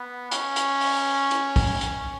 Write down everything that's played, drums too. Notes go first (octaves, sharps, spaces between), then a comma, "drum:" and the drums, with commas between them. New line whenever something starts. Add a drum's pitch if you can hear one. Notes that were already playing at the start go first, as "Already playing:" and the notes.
Already playing: B3
C#4, drum: hi-hat
drum: hi-hat
drum: open hi-hat
drum: hi-hat
drum: kick, open hi-hat
C#4, drum: hi-hat